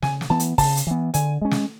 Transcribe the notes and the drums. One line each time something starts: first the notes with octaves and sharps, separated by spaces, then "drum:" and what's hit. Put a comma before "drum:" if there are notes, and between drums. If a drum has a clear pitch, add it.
C#3 G#5, drum: snare
drum: snare
E3 B3 A5
drum: hi-hat
C#3 A5, drum: kick, open hi-hat
drum: hi-hat
E3 B3
D3 G#5, drum: hi-hat
G#3 C#4
drum: snare